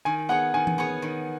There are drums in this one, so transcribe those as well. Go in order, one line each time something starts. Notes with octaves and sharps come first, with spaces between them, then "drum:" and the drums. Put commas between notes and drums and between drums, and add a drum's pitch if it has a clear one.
D#3 G#5
B3 G#4 C#5 F#5
D#3 G#5
drum: tom E3
B3 G#4 C#5
D#3